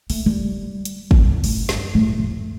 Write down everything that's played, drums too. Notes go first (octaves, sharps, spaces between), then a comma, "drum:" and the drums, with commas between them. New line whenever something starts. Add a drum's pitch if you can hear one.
A3, drum: open hi-hat
G3
drum: hi-hat
drum: kick
A2, drum: open hi-hat
G2, drum: snare
A2
F2